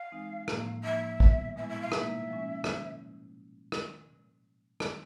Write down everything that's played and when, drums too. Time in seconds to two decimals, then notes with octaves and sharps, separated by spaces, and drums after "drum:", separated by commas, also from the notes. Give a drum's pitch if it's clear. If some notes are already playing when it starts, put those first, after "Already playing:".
Already playing: F5
0.12 E3 G#3 C4 D#4
0.48 A2 F3 A#3, drum: rim click
0.84 F3 A#3 D#4 E5
1.20 A#2 G3 B3, drum: kick
1.56 B2 G#3 B3 E4 E5
1.69 E5
1.81 F5
1.92 B2 G3 A#3 D#4 E5, drum: rim click
2.29 F3 G#3 C#4
2.64 drum: rim click
3.72 drum: rim click
4.80 drum: rim click